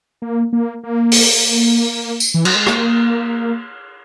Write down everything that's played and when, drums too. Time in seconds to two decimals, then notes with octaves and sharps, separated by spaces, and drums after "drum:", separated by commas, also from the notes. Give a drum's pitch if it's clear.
0.22 A#3
0.53 A#3
0.83 A#3
1.12 drum: open hi-hat
2.20 drum: tambourine
2.34 E3
2.45 F#3, drum: cymbal
2.55 G#3
2.67 A#3, drum: rim click